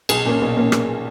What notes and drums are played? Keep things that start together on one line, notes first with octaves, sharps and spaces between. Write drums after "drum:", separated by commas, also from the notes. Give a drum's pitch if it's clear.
B1 G#4, drum: cymbal
A#2 A#3 C#4
B1
A#2 A#3 C#4
drum: rim click